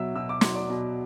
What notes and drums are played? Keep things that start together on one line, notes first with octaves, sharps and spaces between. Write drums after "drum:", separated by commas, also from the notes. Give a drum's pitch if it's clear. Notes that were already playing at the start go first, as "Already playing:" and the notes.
Already playing: B2 F#3 E5 E6
B2 E6
D6
F#3 C6, drum: snare
D5 D6
B2